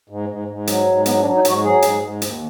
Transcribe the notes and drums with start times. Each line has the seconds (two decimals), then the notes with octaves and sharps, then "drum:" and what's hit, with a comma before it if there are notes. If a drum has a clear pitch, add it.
0.09 G#2
0.29 G#2
0.48 G#2
0.67 F#3, drum: hi-hat
0.86 G#2
1.06 F#3 B3, drum: hi-hat
1.21 D4
1.25 F#3
1.35 D#4
1.45 G#2 F#4, drum: hi-hat
1.63 F#3 G#4
1.82 G#2, drum: hi-hat
2.01 G#2
2.22 D#2, drum: hi-hat